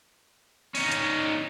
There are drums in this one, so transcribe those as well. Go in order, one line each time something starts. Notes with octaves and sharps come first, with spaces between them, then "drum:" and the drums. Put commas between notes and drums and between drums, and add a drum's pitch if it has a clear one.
C#4 D#4, drum: open hi-hat
drum: hi-hat